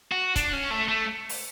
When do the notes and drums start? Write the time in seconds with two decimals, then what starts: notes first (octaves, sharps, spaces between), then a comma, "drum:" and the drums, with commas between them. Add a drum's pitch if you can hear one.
0.11 F#4
0.36 D4, drum: kick, hi-hat
0.53 C#4
0.71 A3
0.88 A3
1.29 drum: open hi-hat